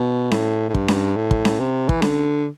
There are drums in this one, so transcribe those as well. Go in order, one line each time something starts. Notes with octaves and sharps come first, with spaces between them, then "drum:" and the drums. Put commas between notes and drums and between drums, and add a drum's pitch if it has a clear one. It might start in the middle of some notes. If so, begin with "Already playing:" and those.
Already playing: B2
A2, drum: snare C#4
A2
G2, drum: kick
drum: snare C#4
A2
drum: kick
drum: snare C#4
C3
E3, drum: kick
D3, drum: snare C#4